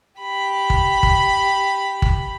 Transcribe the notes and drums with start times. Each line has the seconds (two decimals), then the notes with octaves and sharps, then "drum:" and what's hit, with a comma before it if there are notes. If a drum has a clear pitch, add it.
0.20 G4 B5
0.70 drum: kick G1
1.03 drum: kick G1
2.02 drum: kick G1